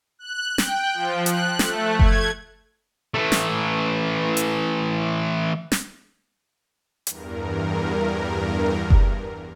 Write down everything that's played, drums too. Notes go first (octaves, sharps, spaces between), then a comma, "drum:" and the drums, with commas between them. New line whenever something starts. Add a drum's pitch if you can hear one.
F#6
G5, drum: snare
F3
F#6, drum: hi-hat
A3, drum: snare
G#6, drum: kick F#1
E3 A3
drum: snare
drum: hi-hat
drum: snare
E2 G2 A#4, drum: hi-hat
drum: kick F#1